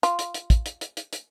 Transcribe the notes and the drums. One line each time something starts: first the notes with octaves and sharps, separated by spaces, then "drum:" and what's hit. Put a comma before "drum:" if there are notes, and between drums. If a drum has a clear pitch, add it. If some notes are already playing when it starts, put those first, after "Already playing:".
F4, drum: hi-hat
drum: hi-hat
drum: hi-hat
drum: kick, hi-hat
drum: hi-hat
drum: hi-hat
drum: hi-hat
drum: hi-hat